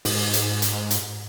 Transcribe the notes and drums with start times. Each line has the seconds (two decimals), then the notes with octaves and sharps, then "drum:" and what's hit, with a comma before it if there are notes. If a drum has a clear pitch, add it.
0.05 G#2, drum: open hi-hat
0.33 drum: hi-hat
0.62 drum: hi-hat
0.91 drum: hi-hat